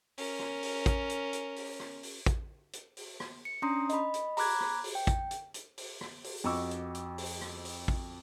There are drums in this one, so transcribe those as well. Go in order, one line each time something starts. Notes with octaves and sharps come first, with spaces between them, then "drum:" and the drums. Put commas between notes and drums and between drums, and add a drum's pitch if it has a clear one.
C#4 A#4, drum: open hi-hat
drum: rim click
drum: open hi-hat
drum: kick, hi-hat
drum: hi-hat
drum: hi-hat
drum: open hi-hat
drum: rim click
drum: open hi-hat
drum: kick, hi-hat
drum: hi-hat
drum: open hi-hat
drum: rim click
C#7
C#4 D4 A#5 C6 D#6
D#5 B5, drum: hi-hat
drum: hi-hat
A#5 B5 D6 F#6 G#6, drum: open hi-hat
drum: rim click
drum: open hi-hat
G5
drum: kick, hi-hat
drum: hi-hat
drum: hi-hat
drum: open hi-hat
drum: rim click
drum: open hi-hat
F2 F#4 D#5 C#6 D6 E6
drum: hi-hat
drum: hi-hat
drum: open hi-hat
drum: rim click
drum: open hi-hat
drum: kick